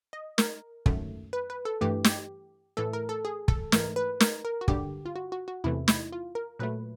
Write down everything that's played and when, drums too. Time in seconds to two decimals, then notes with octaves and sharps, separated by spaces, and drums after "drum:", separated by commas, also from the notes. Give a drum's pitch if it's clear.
0.13 D#5
0.38 A#4, drum: snare
0.86 F#2 D#3 F#3 A3, drum: kick
1.33 B4
1.50 B4
1.65 A4
1.81 G2 E3 A3 G4
2.04 G4, drum: snare
2.77 A2 E3 A3 A4
2.93 A#4
3.09 A4
3.25 G#4
3.48 A4, drum: kick
3.72 G#2 E3 A3 A#4, drum: snare
3.96 B4
4.20 A#4, drum: snare
4.45 A#4
4.61 F#4
4.68 G2 D3 G3 G4, drum: kick
5.06 F4
5.16 F#4
5.32 F#4
5.48 F#4
5.64 E2 C3 E3 A3 E4
5.88 E4, drum: snare
6.12 F4
6.35 A#4
6.59 A#2 F#3 A3 B4